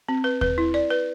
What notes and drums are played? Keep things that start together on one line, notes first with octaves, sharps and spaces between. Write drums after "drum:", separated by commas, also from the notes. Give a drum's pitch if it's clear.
C4
B4
B4, drum: kick D#2
E4
D5
B4